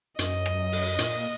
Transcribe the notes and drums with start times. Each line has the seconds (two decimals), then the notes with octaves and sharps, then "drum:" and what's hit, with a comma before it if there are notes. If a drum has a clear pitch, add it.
0.19 F#2 D#5, drum: hi-hat
0.46 drum: rim click
0.72 drum: open hi-hat
0.99 A#2, drum: hi-hat